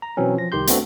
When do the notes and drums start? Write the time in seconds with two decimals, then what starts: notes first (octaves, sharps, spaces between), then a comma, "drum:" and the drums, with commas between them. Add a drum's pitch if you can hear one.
0.02 A#5
0.17 B2 E3 F#3 C4 C#4
0.37 F3 A#6
0.52 C2 D#3 G4 C6 G6
0.67 A3 B3 C4 D4 F#4, drum: hi-hat